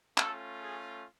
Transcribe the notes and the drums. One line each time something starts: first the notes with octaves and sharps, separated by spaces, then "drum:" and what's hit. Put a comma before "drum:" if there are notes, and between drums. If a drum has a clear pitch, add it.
A3 C#4 F4 A4, drum: clap
G#4